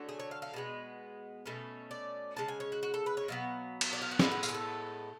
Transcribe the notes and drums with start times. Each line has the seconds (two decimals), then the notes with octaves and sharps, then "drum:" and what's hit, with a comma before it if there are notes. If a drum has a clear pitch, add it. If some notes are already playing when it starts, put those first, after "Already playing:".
Already playing: D3 F#3 A3
0.09 G#4
0.20 C#5
0.31 F5
0.42 F5
0.54 B2 G#3 B3
1.46 B2 A3 C#4
1.91 D5
2.37 C#3 G#3 A5
2.48 G#5
2.60 C#5
2.72 F#4
2.83 F#4
2.94 A4
3.06 B4
3.17 C#5
3.28 B2 F#3 B3 F5
3.81 drum: cymbal
3.93 D5
4.02 F5
4.11 F#5
4.19 A2 G#3 B3 D4 G#5, drum: snare
4.31 F#5
4.43 F5, drum: tambourine
4.49 G#4
4.54 A4